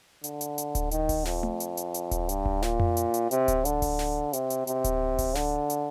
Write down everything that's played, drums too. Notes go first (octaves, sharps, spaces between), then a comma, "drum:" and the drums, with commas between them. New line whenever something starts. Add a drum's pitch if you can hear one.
D3, drum: hi-hat
drum: hi-hat
drum: hi-hat
drum: kick D1, hi-hat
D#3, drum: hi-hat
drum: kick D1, open hi-hat
F2, drum: snare
drum: tom A3
drum: hi-hat
drum: hi-hat
drum: hi-hat
drum: kick D1, hi-hat
G2, drum: hi-hat
drum: kick D1
A#2, drum: snare
drum: tom F2
drum: hi-hat
drum: hi-hat
C3, drum: hi-hat
drum: kick D1, hi-hat
D3, drum: hi-hat
drum: kick D1, open hi-hat
drum: snare
C3, drum: hi-hat
drum: hi-hat
C3, drum: hi-hat
drum: kick D1, hi-hat
drum: kick D1, open hi-hat
D3, drum: snare
drum: hi-hat